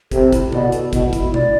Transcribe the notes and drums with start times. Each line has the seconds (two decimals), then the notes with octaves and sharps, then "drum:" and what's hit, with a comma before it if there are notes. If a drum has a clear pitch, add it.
0.11 C3 A4, drum: kick, hi-hat
0.32 E4, drum: kick, hi-hat
0.52 B2 D5, drum: tom C3
0.72 A4, drum: hi-hat
0.93 B2 E4, drum: kick, hi-hat
1.13 E4, drum: kick, hi-hat
1.34 D5, drum: tom